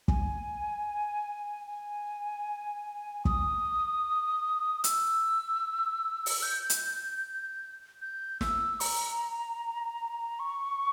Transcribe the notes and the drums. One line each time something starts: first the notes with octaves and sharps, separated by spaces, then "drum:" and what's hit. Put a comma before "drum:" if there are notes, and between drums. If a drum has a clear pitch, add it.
G#5, drum: kick
G#5
D#6, drum: kick
E6, drum: hi-hat
drum: open hi-hat
G6
drum: hi-hat
G6
E6, drum: snare
A#5, drum: open hi-hat
C#6